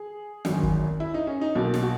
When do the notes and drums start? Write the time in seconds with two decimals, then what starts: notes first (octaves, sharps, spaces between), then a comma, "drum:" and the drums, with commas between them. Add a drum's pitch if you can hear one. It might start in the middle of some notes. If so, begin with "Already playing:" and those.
Already playing: G#4
0.45 G#1 F#2 D#3, drum: snare
0.63 drum: kick
1.00 E4
1.14 D#4
1.27 C#4
1.41 D#4
1.55 B1 B2 A#3
1.74 drum: snare
1.83 F#4